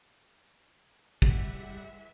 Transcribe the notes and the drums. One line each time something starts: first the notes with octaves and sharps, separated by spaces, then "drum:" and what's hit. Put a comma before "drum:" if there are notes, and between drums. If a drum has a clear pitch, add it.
E3 G3 G#3 E5 F#5, drum: kick